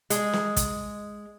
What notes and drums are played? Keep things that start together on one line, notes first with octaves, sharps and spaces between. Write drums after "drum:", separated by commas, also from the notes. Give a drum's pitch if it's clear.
G#3, drum: hi-hat
drum: snare
drum: kick, hi-hat